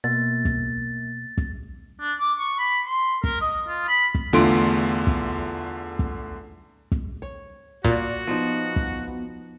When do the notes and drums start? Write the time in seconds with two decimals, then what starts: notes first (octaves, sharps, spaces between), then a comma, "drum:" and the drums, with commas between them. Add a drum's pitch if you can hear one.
0.04 B2 A#3 A6
0.45 drum: kick
1.38 drum: kick
2.00 D4
2.20 D6
2.38 C#6
2.59 B5
2.86 C6
3.24 A#4, drum: kick
3.41 D#5
3.68 F4
3.88 B5
4.15 drum: kick
4.33 E2 D3 A3 F4 C6 D7
5.07 drum: kick
5.99 drum: kick
6.92 drum: kick
7.22 C#5
7.85 A#2 F#4 D5, drum: kick
8.27 F3 B3 D#4
8.76 drum: kick